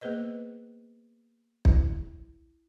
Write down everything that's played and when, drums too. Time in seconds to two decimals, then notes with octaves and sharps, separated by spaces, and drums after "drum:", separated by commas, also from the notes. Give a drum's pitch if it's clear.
0.01 A#3 B3 G#4 B4 C5 D#5
1.65 E4, drum: kick